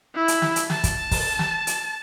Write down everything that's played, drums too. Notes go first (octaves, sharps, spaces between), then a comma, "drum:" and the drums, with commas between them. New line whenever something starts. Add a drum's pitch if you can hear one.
E4
drum: hi-hat
drum: snare
drum: hi-hat
A5, drum: snare
drum: kick, hi-hat
drum: kick, open hi-hat
drum: snare
drum: hi-hat